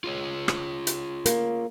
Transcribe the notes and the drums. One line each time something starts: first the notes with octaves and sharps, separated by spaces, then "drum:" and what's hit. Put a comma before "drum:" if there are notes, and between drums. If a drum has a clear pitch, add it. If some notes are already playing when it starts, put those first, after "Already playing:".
F4 G#4 C#5
drum: rim click
drum: hi-hat
A#3, drum: hi-hat